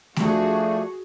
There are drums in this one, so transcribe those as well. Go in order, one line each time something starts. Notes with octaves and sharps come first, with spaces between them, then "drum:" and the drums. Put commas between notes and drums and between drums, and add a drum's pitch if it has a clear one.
F3 A3 D4 F#4 G#4, drum: snare A3